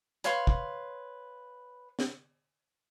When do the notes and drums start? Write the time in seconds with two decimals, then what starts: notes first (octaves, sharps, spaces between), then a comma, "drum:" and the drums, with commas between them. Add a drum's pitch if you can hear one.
0.24 B4 C#5 F5 C6, drum: hi-hat
0.47 drum: kick
1.99 drum: snare